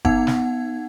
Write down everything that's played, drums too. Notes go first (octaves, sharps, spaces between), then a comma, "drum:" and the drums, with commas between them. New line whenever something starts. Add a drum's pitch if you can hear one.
B3 D#4 F#5 G#6, drum: kick F#1
drum: snare